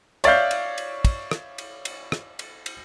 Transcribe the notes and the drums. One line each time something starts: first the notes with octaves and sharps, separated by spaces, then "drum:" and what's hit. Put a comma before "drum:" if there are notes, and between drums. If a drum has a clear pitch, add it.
C#5 D5 E5 F5 G6, drum: cymbal
drum: cymbal
drum: cymbal
drum: kick, cymbal
drum: rim click
drum: cymbal
drum: cymbal
drum: rim click
drum: cymbal
drum: cymbal